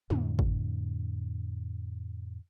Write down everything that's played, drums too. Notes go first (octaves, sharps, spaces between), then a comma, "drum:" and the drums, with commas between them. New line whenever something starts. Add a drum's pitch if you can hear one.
F2 A2 D3, drum: tom
drum: kick